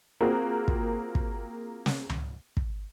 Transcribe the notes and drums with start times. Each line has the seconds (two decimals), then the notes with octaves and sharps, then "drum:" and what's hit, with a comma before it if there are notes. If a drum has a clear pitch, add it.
0.21 A#3 C4 F4 F#4 G#4 A#4
0.68 drum: kick
1.15 drum: kick
1.86 drum: snare
2.09 drum: tom C#2
2.57 drum: kick